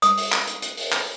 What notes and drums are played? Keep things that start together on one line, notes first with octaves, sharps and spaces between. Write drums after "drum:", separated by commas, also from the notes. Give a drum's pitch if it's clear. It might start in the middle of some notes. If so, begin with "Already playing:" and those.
D#6, drum: hi-hat
drum: open hi-hat
drum: clap
drum: hi-hat
drum: hi-hat
drum: open hi-hat
drum: clap